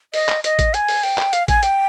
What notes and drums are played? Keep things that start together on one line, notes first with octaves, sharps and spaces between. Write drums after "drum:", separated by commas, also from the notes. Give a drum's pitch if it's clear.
D#5, drum: open hi-hat
drum: clap
D#5, drum: hi-hat
drum: kick A1, hi-hat
G#5, drum: hi-hat
drum: open hi-hat
G5, drum: open hi-hat
drum: clap
F5, drum: hi-hat
G#5, drum: kick A1, hi-hat
G5, drum: hi-hat